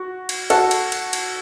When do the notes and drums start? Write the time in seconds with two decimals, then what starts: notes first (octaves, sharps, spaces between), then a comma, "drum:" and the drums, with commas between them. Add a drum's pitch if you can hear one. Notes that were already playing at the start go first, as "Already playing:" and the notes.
Already playing: F#4
0.29 drum: cymbal
0.50 F#4 A4, drum: cymbal
0.71 drum: cymbal
0.92 drum: cymbal
1.13 drum: cymbal